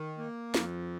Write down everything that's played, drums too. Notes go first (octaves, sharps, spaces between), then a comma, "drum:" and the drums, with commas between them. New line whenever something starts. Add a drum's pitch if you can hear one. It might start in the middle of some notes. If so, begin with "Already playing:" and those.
Already playing: D#3
A#3
F2, drum: snare